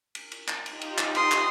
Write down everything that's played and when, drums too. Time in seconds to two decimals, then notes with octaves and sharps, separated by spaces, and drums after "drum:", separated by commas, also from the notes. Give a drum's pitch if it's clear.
0.15 drum: cymbal
0.32 drum: cymbal
0.48 drum: clap
0.66 D#4 F4 G4, drum: cymbal
0.82 drum: cymbal
0.98 drum: clap
1.15 D#4 F#5 C6 D#6, drum: cymbal
1.31 drum: clap